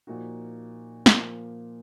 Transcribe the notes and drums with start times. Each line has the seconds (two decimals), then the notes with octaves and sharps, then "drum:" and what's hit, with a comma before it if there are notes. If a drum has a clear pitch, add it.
0.07 A#2 F3 A#3 D#4 F#4
1.06 A#2 F3 A#3, drum: snare